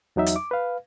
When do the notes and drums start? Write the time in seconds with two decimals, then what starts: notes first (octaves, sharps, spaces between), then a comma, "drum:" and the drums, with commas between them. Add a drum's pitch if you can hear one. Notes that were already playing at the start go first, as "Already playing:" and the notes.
0.16 E2 F#3 D#4 E5
0.26 drum: hi-hat
0.36 D6
0.51 B4 F5